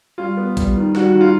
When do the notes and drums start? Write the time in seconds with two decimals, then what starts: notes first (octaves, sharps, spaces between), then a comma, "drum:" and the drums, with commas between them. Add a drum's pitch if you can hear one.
0.18 G3 F4
0.37 B3
0.57 G3, drum: kick A1, hi-hat
0.75 D#3
0.95 G3 F#4, drum: snare
1.08 F#4
1.14 D#3
1.21 F4